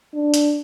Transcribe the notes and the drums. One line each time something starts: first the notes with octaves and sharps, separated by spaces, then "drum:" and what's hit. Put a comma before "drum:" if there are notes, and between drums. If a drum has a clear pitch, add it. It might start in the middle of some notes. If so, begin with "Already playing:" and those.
D4
drum: hi-hat